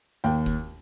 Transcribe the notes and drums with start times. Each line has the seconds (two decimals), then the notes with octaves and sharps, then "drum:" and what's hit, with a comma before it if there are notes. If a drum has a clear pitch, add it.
0.24 D#2 G5, drum: hi-hat
0.46 drum: kick F1, hi-hat